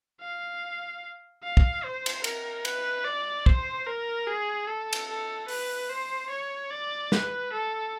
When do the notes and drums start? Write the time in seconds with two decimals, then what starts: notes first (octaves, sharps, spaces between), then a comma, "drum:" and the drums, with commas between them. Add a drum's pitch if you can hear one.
0.21 F5
1.43 F5
1.57 drum: kick
1.84 C5
2.06 drum: cymbal
2.24 A#4, drum: cymbal
2.65 B4, drum: cymbal
3.05 D5
3.46 C5, drum: kick
3.87 A#4
4.27 G#4
4.68 A4
4.93 drum: cymbal
5.09 A4
5.48 B4, drum: open hi-hat
5.90 C5
6.30 C#5
6.71 D5
7.12 B4, drum: snare
7.53 A4